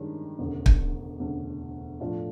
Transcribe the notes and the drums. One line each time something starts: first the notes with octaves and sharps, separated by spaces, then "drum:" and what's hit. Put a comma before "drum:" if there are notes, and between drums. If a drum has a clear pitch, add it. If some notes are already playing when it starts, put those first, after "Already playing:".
Already playing: G2 D#3 G#3 C#4
E1 D2 C#3
drum: kick
E1 D2 C#3
A2 F3 A3 D4 F4